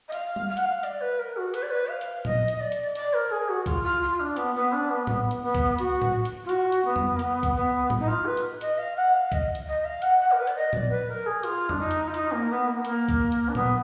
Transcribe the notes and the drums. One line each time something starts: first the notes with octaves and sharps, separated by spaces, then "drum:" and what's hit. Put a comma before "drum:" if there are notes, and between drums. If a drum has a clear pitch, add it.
D#5
F5, drum: hi-hat
drum: tom G3
F5
F#5, drum: hi-hat
F5
D5, drum: hi-hat
B4
A#4
F#4
B4, drum: hi-hat
D5
B4
F5
drum: hi-hat
D#5, drum: tom A#2
drum: hi-hat
D5
drum: hi-hat
D5, drum: hi-hat
A#4
G#4
F#4
F4, drum: kick C2, hi-hat
F4
F4
D4
B3, drum: hi-hat
B3
D4
B3
B3, drum: tom A2
drum: hi-hat
B3
drum: kick C2, hi-hat
F#4, drum: hi-hat
drum: tom A2
drum: hi-hat
F4
F#4, drum: hi-hat
drum: hi-hat
B3
drum: tom F2
A#3
B3, drum: hi-hat
drum: kick C2, hi-hat
B3
drum: tom A2
D#4
F4
B4
drum: hi-hat
D#5, drum: hi-hat
F5
F#5
F5
D#5, drum: kick C2, hi-hat
drum: hi-hat
D#5
F5
F#5, drum: hi-hat
F#5
A#4
B4
D5, drum: hi-hat
D#5
D5, drum: tom A#2
B4
A#4
G#4
F4, drum: hi-hat
D4, drum: tom F2
D#4
drum: hi-hat
F4
D#4, drum: hi-hat
A#3
B3
A#3
B3
A#3, drum: hi-hat
drum: kick C2, hi-hat
drum: hi-hat
D4
B3, drum: tom A#2